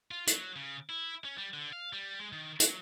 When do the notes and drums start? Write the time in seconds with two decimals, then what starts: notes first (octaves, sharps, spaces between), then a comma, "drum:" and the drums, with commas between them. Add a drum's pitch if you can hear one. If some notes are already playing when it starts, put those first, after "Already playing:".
0.11 F4
0.27 F#3, drum: hi-hat
0.56 C#3
0.89 E4
1.25 C#4
1.38 G3
1.54 D3
1.73 F5
1.93 G3
2.19 G#3
2.32 D#3
2.60 F#3, drum: hi-hat